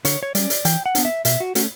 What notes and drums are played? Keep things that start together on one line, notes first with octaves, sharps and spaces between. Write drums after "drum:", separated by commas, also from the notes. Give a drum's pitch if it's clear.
D3 C#5, drum: hi-hat
C#5
G3 C#4 D5, drum: hi-hat
drum: hi-hat
E3 G5, drum: hi-hat
F#5
B3 D4, drum: hi-hat
E5
B2 E5, drum: hi-hat
F#4
A3 C#4 F#4, drum: hi-hat